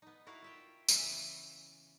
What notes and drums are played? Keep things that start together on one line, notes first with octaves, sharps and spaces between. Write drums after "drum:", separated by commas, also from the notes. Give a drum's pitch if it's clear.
B3 D#4
E4 F#4 A#4 F5 F#5
F4 E5 G5
C#3 E3 B3 B4 E5 A#5, drum: tambourine